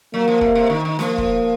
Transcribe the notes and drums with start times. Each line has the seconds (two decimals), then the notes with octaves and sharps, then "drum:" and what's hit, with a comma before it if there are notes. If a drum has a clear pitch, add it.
0.14 F#3 A#3
0.28 F3
0.41 C3, drum: kick
0.55 C3
0.70 D#3
0.85 D#3
0.99 F3 A#3, drum: snare
1.18 drum: kick